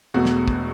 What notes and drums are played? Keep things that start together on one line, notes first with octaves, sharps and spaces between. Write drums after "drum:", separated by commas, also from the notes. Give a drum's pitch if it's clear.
E1 E2 B2 F#3 A3 F#4
drum: snare
drum: kick